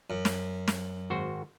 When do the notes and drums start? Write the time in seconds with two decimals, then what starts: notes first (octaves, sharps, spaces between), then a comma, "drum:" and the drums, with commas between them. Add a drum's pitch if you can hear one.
0.10 F#2
0.25 drum: snare
0.68 drum: snare
1.10 G#1 F#4 C5